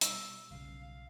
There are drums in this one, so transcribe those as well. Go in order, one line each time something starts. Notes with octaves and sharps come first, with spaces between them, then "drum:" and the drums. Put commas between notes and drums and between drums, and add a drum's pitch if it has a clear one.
B2 G3 E6, drum: hi-hat
F#1 B1 C#3 F5